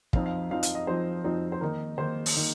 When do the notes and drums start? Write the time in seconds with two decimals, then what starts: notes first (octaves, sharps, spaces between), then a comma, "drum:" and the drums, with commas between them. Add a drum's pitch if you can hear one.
0.13 F2 F3 C4 D#4 F5, drum: kick
0.26 F5
0.51 F2 F3 C4 D#4 F5
0.63 F5, drum: hi-hat
0.75 D#5
0.87 F2 F3 C4 D#4 C5
1.24 F2 F3 C4 D#4
1.52 C5
1.61 D#3 A#3 D#4 A#4
1.98 D#3 A#3 D#4 C5
2.26 drum: open hi-hat
2.36 D#3 A#3 D#4